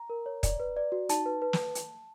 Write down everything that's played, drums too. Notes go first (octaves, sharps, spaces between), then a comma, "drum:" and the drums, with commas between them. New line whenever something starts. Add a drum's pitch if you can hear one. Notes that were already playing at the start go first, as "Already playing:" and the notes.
Already playing: A#5
A#4
C#5
D5, drum: kick, hi-hat
B4
D5
F#4
D#4 A5, drum: hi-hat
B4
B4
drum: snare
drum: hi-hat